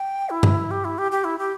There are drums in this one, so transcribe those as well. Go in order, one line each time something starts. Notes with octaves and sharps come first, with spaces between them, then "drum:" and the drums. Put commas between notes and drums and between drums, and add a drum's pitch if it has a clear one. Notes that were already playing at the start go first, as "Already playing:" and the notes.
Already playing: G5
E4
drum: tom G2
G4
E4
G4
G4
E4
G4